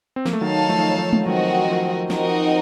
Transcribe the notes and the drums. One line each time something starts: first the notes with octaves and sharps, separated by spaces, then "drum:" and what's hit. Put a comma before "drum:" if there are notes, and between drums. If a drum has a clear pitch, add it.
C4
A#3, drum: snare
A3
D#3 F#3 D#4 A4 C#5 F5 A5
F3 A3
F3 A3
drum: tom G#3
D#3 F#3 C4 F#4 A#4 D#5
F3
F3 C4 D#4 F#4 A#4 D#5, drum: snare